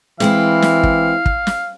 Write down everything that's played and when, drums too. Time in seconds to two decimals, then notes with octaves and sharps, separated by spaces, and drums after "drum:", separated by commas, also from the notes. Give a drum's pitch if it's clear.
0.20 E3 G#3 C4 E4 F5, drum: snare
0.62 drum: snare
0.83 drum: kick
1.26 drum: kick
1.47 drum: snare